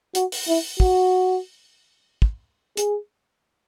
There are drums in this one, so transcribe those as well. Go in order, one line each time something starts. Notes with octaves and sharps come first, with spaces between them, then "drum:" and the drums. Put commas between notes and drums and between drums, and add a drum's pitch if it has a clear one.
F#4, drum: hi-hat
drum: open hi-hat
E4
F#4, drum: kick
drum: kick
G#4, drum: hi-hat